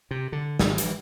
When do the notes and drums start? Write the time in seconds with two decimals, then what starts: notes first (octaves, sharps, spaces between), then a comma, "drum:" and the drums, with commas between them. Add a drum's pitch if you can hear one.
0.11 C3
0.32 D3
0.59 G#1, drum: snare
0.78 E3, drum: hi-hat